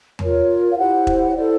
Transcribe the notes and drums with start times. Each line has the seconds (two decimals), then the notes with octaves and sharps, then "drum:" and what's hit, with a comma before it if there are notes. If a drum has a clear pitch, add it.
0.19 F4 A#4 C#5, drum: tom E2
0.71 F5
0.78 E4 G4 C5 F#5
1.07 drum: kick E1
1.30 C#5
1.36 E4 A4 C5 D5